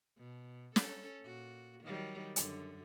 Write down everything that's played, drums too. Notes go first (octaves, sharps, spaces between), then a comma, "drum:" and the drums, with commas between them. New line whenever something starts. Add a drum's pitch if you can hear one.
B2
C#4 A4, drum: snare
A#2 F#4
D#3 F#3 G3
F#2 D3, drum: hi-hat